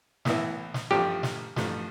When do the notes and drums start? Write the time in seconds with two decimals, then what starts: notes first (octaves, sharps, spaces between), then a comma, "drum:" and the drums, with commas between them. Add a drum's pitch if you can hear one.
0.25 B1 A2 E3 B3 E4, drum: snare
0.74 drum: snare
0.90 A1 G2 F3 A3 G4
1.23 drum: snare
1.56 A1 G2 F3 A3, drum: snare